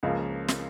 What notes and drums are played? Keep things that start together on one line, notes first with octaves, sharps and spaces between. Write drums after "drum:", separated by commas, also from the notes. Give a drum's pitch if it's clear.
C#2 C#3 F3 A#3
drum: snare